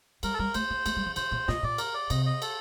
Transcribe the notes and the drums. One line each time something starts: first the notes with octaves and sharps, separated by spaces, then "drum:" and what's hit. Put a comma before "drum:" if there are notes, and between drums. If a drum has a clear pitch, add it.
G3 A#4, drum: cymbal
A4
G3 A#4
A3 C5, drum: cymbal
A#3
A3, drum: cymbal
G3
F3
D#3 C5, drum: cymbal
A#2
A#2 D#5, drum: snare
A#2 D5
A#4, drum: cymbal
D5
C3 D#5, drum: cymbal
D#5
A4, drum: cymbal